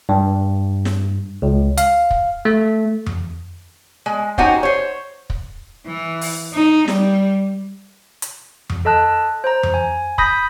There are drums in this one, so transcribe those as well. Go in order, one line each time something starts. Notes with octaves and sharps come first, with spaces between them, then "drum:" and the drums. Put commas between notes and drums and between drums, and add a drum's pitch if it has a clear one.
G2
drum: snare
C#2
F5, drum: hi-hat
drum: kick
A3
drum: tom F2
G#3
C#4 D#4 F#4 G4 C5, drum: kick
C5 C#5
drum: kick
E3
drum: open hi-hat
D#4
G3, drum: snare
drum: hi-hat
drum: tom F2
A4 D#5 A5 F#6
C5 A#5
drum: tom F2
G#5
B5 D#6 G6 A#6 B6, drum: kick